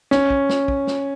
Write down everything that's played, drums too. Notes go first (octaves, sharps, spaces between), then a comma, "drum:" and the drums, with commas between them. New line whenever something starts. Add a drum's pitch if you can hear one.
C#4, drum: snare
drum: kick
drum: snare
drum: kick
drum: snare